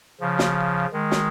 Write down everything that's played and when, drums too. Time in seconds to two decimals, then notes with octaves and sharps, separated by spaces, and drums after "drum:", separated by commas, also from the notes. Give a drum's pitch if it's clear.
0.20 C#3 F3
0.39 drum: snare
0.93 D#3 G#3
1.11 drum: snare